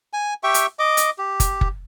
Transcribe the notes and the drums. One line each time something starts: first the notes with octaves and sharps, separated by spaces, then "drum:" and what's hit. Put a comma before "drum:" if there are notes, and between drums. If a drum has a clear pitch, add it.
G#5
G4 E5 G5 C#6
drum: hi-hat
D#5 D6
drum: hi-hat
G4
drum: kick, hi-hat
drum: kick